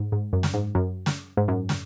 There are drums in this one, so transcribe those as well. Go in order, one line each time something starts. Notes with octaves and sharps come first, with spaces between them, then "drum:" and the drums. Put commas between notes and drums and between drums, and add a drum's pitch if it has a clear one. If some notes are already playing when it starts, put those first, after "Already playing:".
Already playing: G#2
G#2
F#2
drum: snare
G#2
F#2
drum: snare
G#2
F#2
drum: snare